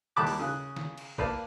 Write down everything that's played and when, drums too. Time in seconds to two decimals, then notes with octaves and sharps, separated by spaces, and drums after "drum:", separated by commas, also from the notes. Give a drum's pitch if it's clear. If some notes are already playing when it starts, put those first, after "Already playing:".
0.16 D#2 G3 A5 B5 D6 F#6
0.27 drum: open hi-hat
0.39 C#3 F#6
0.76 drum: snare
0.98 drum: cymbal
1.18 A#3 B4 D5 F5 A5, drum: kick